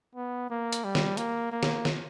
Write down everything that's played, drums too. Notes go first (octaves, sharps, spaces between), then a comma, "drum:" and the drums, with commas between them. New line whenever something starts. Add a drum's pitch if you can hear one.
B3
A#3
drum: hi-hat
G3
drum: snare
A#3, drum: hi-hat
A#3
drum: snare
drum: snare